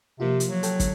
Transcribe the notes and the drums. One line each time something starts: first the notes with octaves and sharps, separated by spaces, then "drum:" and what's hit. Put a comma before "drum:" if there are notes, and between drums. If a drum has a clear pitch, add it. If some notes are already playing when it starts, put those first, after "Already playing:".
C3 F3 A#3 F4
drum: hi-hat
F#3
A4 G5, drum: hi-hat
D3, drum: kick, hi-hat